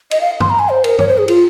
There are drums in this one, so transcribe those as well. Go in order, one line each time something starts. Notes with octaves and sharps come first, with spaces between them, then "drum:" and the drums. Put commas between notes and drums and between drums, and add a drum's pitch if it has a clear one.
D#5, drum: cymbal
F5
C6, drum: tom
A#5
G#5
C5
A#4, drum: cymbal
C#5, drum: tom
C5
G#4
F4, drum: cymbal